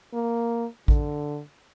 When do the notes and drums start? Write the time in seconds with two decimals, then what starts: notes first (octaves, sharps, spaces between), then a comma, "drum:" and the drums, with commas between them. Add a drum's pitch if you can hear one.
0.13 A#3
0.88 D3, drum: kick A1